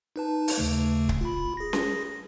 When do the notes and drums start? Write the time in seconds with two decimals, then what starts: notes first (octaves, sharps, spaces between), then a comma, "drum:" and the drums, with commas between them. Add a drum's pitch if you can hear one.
0.16 D#4 B4 A5
0.48 drum: open hi-hat
0.58 D#2 C#3 A3
1.09 drum: kick
1.21 F4 B5
1.57 G#4 A#6
1.73 drum: snare C#4